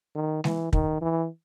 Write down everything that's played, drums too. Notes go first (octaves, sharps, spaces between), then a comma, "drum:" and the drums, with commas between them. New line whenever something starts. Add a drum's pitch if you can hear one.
D#3
E3, drum: snare G#3
D#3, drum: kick
E3